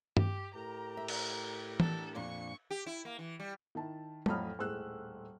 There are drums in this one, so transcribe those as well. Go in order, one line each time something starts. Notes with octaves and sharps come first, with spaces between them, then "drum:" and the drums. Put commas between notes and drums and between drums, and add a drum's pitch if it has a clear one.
G4, drum: tom G2
A2 G4 A#4 A#5
E5
drum: cymbal
B3 D4 A4, drum: tom E3
F2 A#2 D4 C#6
G4
E4
A#3
E3
G3
D#3 E4 A5
F2 A2 F#3 B5 D#6 F6, drum: tom
D#1 A2 G#3 E6 F#6